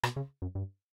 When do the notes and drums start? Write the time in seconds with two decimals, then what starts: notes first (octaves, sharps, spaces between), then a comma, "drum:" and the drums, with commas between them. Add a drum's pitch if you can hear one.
0.03 B2, drum: rim click
0.16 C#3
0.42 F#2
0.55 G2